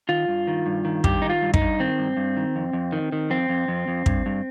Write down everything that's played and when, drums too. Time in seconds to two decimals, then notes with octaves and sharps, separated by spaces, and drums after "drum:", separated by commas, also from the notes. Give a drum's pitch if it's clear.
0.09 D#3 F4
0.28 G2
0.47 D#3
0.66 G2
0.85 D#3
1.04 G2 G4, drum: kick
1.22 D#3 D#4
1.30 F4
1.42 G2
1.54 D#4, drum: kick
1.61 G2
1.80 D#3 C4
1.99 G2
2.17 G2
2.36 D#3
2.56 F2
2.73 F2
2.92 D#3
3.12 D#3
3.30 F2 C4
3.49 F2
3.68 F2
3.88 F2
4.06 G2, drum: kick
4.26 G2